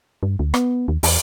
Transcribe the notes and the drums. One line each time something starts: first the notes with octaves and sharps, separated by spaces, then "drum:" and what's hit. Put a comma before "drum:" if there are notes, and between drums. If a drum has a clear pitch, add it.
G2
D2
B3, drum: rim click
D#2
E2, drum: open hi-hat